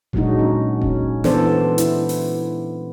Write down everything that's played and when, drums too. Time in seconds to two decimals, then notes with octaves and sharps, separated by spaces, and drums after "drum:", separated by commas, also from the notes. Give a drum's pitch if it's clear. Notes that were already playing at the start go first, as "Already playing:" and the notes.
0.13 A#2 F#3 G#3 D4 D#4 F#4, drum: kick E1
0.39 C#4
0.82 C#4, drum: kick E1
1.24 E3 B3 D4 A4 C5 D5, drum: snare
1.78 E4, drum: hi-hat
2.09 drum: open hi-hat